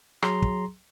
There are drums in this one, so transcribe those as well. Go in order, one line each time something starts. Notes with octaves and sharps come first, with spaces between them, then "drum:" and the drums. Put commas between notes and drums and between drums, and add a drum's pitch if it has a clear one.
F#3 G#4 A#5 C6, drum: rim click
drum: kick